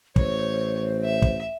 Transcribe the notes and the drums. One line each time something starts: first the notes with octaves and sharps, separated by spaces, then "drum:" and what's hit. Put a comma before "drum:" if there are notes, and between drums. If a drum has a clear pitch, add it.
A1 C5 C#5, drum: kick
E5
drum: kick